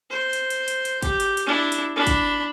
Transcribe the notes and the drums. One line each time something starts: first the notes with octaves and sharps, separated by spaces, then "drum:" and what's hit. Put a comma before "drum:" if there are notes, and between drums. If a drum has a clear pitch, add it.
C5
drum: hi-hat
drum: hi-hat
drum: hi-hat
drum: hi-hat
G4, drum: kick, hi-hat
drum: hi-hat
drum: hi-hat
D4 E4
drum: hi-hat
D4 B5
drum: kick, hi-hat